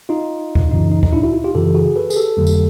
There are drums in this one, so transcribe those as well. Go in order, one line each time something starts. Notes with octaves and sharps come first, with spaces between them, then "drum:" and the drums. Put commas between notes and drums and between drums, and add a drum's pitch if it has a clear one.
D#4 F4
drum: kick C#2
F#2 C#3 E3 D#4
D#4
D#4, drum: kick C#2
D4 E4
E4 F#4
D#4 F4
F4 G4
F#2 C#3 E3 G4 A4
F#4 G#4
A4 B4
G#4, drum: tambourine
G4 A4
F2 D3 F#3 A3
drum: tambourine